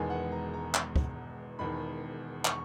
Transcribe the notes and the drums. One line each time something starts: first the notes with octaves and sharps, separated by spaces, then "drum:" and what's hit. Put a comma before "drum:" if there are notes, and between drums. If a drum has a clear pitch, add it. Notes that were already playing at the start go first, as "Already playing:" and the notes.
Already playing: E1 E2 D#3 G#3 B3 G#5
F#5
A#5
A#5
drum: clap
drum: kick
E1 E2 D#3 B5
C#6, drum: clap